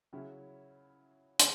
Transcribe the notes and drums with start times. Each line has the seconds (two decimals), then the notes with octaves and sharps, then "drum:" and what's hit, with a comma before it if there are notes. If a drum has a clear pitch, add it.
0.13 C#3 F#3 C#4 E4
1.39 C#3, drum: hi-hat